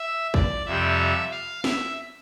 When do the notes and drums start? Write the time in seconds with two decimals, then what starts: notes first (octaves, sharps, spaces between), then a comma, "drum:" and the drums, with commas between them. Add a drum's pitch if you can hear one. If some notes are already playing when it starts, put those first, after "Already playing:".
Already playing: E5
0.34 D5, drum: kick
0.66 F2 C3 G3 E5
1.32 F5
1.64 E5, drum: snare